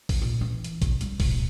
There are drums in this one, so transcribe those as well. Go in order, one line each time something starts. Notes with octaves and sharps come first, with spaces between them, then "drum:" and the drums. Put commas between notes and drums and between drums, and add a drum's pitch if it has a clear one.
drum: kick A1, open hi-hat
A#1 A#2
E3
drum: hi-hat
B1, drum: kick A1, hi-hat
G3, drum: hi-hat
D1 B2, drum: kick A1, open hi-hat